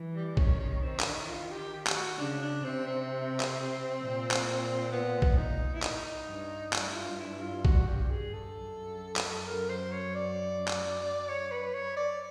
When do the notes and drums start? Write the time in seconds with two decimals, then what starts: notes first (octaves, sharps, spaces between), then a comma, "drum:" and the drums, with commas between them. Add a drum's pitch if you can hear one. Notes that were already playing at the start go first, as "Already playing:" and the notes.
Already playing: E3
0.15 G3
0.37 D#3 C#4, drum: kick A#1
0.60 C#4
0.82 C4
1.00 C#4, drum: clap
1.07 D4
1.14 D#4
1.21 E4
1.28 F4
1.51 G4
1.73 G4
1.87 G4, drum: clap
1.96 F#4
2.18 C#3 D4
2.42 D4
2.64 C3 C4
2.87 C4
3.40 drum: clap
4.01 A#2
4.31 drum: clap
4.92 B3
5.22 drum: kick A#1
5.37 D#4
5.74 E4
5.83 D#4, drum: clap
6.28 G2
6.73 G2 E4, drum: clap
6.91 E4
6.96 F4
7.19 E4
7.42 F4
7.65 F#4, drum: kick A#1
7.87 G4
8.10 G#4
8.33 A4
8.55 F#2
9.16 drum: clap
9.47 A#4
9.69 C5
9.92 C#5
10.15 D5
10.68 drum: clap
11.29 C#5
11.51 B4
11.74 C#5
11.97 D5